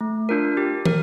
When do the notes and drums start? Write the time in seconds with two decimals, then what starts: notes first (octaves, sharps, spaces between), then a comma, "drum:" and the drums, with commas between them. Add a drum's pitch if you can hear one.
0.01 A3
0.29 D4 F4 A#4
0.57 G4
0.86 A#4, drum: tom